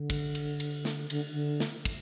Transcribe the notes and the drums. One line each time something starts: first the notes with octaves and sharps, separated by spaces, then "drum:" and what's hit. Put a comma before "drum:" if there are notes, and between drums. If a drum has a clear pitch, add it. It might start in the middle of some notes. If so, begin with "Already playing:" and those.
Already playing: D3
drum: kick, cymbal
drum: cymbal
drum: cymbal
drum: snare
D3, drum: cymbal
D3
drum: snare
drum: kick, cymbal